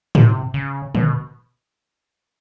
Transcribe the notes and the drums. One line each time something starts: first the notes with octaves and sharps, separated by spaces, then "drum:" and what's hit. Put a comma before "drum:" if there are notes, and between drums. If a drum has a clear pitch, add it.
C3, drum: tom G#2
C#3
B2, drum: tom D3